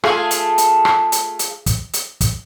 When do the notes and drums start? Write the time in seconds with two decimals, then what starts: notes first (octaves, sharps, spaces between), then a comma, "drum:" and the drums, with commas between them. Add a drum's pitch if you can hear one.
0.04 A3 F4 G#4, drum: rim click
0.31 drum: hi-hat
0.58 drum: hi-hat
0.85 drum: rim click
1.12 drum: hi-hat
1.39 drum: hi-hat
1.66 drum: kick, hi-hat
1.93 drum: hi-hat
2.21 drum: kick, hi-hat